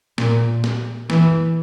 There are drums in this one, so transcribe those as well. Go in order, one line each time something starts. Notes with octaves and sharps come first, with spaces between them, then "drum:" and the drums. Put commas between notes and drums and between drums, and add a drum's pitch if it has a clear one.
A#2, drum: snare
drum: snare
E3, drum: snare